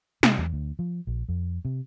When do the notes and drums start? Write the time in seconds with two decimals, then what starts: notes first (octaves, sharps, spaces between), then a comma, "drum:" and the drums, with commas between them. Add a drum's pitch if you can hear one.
0.23 C3, drum: snare
0.38 E2
0.53 D2
0.79 F3
1.07 A#1
1.29 F2
1.65 C3